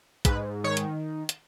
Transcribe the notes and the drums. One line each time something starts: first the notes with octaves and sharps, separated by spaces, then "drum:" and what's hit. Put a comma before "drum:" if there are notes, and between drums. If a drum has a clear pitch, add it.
G#2 B4, drum: kick, hi-hat
D#3 C#5
drum: hi-hat
drum: hi-hat